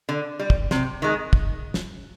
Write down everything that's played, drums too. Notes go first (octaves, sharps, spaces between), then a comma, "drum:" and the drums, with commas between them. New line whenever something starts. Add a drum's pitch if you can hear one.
D3
G3
drum: kick
C3, drum: snare
D#3 G#3
drum: kick
drum: snare